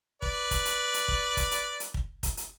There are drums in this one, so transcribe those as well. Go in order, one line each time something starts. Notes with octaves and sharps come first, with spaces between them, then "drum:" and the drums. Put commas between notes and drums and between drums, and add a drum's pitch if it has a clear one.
B4 D5, drum: kick
drum: kick, hi-hat
drum: hi-hat
drum: hi-hat
drum: kick
drum: kick, hi-hat
drum: hi-hat
drum: hi-hat
drum: kick
drum: kick, hi-hat
drum: hi-hat